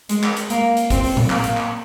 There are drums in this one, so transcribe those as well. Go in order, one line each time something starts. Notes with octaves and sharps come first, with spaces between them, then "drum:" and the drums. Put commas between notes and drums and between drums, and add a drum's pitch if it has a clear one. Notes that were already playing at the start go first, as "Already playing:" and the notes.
G#3, drum: hi-hat
drum: clap
drum: hi-hat
A#3, drum: hi-hat
drum: hi-hat
C4, drum: kick G#1, hi-hat
drum: open hi-hat
drum: tom A2
A#3, drum: clap
drum: hi-hat
drum: clap